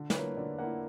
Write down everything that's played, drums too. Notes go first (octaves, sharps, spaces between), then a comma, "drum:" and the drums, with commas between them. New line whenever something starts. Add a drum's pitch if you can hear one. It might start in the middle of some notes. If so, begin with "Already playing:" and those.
Already playing: D3
B4, drum: snare
A#3 E4 C#5
D3 D5
A#3 E4 F#5